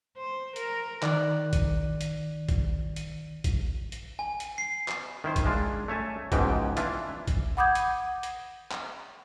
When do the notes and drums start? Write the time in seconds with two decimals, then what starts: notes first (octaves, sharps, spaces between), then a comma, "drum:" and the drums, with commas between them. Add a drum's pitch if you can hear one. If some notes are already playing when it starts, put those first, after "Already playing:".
0.17 C5
0.56 A#4, drum: hi-hat
1.02 D#3 D5 F#6, drum: clap
1.53 drum: kick, hi-hat
2.01 drum: hi-hat
2.49 drum: kick, hi-hat
2.96 drum: hi-hat
3.44 drum: kick, hi-hat
3.92 drum: hi-hat
4.19 G#5
4.40 drum: hi-hat
4.58 C7
4.88 drum: clap
5.24 D#3 E4 C5
5.36 drum: kick, hi-hat
5.46 G#3 D4 F4
5.88 A3 C#5 E5 G#5 A5
6.32 C#2 G#2 B2 E3 F3 G5, drum: kick, hi-hat
6.77 E3 D4 E4 F4, drum: hi-hat
7.27 drum: kick, hi-hat
7.57 F#5 B5 D6 D#6 G6 G#6
7.75 drum: hi-hat
8.23 drum: hi-hat
8.71 drum: clap